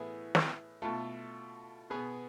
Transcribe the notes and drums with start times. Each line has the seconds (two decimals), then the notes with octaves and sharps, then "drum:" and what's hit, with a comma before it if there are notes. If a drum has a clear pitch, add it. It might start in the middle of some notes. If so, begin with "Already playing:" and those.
Already playing: A2 E3 B3 E4 G#4
0.35 drum: snare
0.82 B2 A3 F4 A4
1.90 B2 B3 G#4 B4